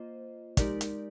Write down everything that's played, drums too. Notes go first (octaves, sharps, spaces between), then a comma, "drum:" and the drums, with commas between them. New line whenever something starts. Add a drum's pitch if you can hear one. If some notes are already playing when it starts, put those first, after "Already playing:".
Already playing: A#3 F4 C5 D#5
G#3 D#4 G4 A#4 D5, drum: kick, hi-hat
drum: hi-hat